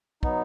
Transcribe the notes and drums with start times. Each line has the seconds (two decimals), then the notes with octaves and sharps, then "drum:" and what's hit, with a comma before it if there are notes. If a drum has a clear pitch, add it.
0.23 F#3 B3 D#4, drum: kick